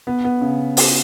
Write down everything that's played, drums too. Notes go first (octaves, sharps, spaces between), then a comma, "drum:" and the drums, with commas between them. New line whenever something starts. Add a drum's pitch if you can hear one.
B3
B3
C#3
drum: open hi-hat